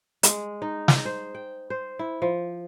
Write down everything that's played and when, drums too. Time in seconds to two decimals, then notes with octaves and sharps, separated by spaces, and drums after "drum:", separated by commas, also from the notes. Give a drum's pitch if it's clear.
0.23 G#3, drum: hi-hat
0.62 D#4
0.88 drum: snare
1.05 C5
1.35 G5
1.70 C5
1.99 E4
2.22 F3